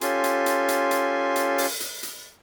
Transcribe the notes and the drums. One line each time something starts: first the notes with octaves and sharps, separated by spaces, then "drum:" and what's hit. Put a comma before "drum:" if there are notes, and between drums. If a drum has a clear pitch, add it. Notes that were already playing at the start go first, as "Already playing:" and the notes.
C#4 F4 G4 A4 G#5 C6, drum: hi-hat
drum: hi-hat
drum: hi-hat
drum: hi-hat
drum: hi-hat
drum: hi-hat
drum: open hi-hat
drum: hi-hat
drum: hi-hat